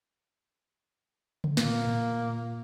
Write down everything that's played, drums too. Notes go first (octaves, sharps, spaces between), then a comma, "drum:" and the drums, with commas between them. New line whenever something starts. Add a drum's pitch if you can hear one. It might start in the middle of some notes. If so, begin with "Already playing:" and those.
drum: tom C#3
A#2 A#3, drum: snare
drum: tom A2